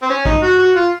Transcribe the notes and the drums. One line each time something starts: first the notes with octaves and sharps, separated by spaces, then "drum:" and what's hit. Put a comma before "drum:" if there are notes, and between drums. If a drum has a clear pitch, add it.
C4
C#4
D#4, drum: kick
F#4
F#4
F4